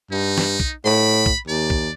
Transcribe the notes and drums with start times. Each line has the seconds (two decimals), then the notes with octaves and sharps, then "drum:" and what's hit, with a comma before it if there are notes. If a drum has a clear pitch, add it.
0.11 G2 D#4
0.38 drum: snare
0.60 drum: kick
0.85 A2 B5
1.26 drum: kick
1.48 D#2 D5
1.70 drum: kick